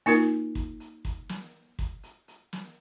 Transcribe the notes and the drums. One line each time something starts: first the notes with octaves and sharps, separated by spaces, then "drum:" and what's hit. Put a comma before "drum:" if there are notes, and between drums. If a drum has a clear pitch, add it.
A#3 D#4 F4 A#4, drum: hi-hat
drum: kick, hi-hat
drum: hi-hat
drum: kick, hi-hat
drum: snare
drum: kick, hi-hat
drum: hi-hat
drum: hi-hat
drum: snare